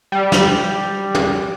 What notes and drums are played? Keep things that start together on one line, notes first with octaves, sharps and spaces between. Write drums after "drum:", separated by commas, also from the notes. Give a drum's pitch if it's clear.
G3
drum: snare
drum: tom